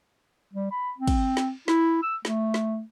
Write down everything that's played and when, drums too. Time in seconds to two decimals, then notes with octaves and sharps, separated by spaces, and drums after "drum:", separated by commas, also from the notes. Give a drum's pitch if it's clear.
0.53 G3
0.71 B5
0.98 C4
1.08 drum: kick, cymbal
1.37 drum: snare
1.68 E4, drum: snare
2.02 E6
2.25 A3, drum: snare
2.54 drum: snare